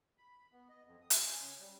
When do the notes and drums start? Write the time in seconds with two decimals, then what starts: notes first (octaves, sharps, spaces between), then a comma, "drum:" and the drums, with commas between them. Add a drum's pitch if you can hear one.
0.18 B5
0.52 B3
0.69 D#5
0.86 F2
1.01 D#6
1.10 drum: hi-hat
1.25 G#5
1.40 C#3
1.61 G3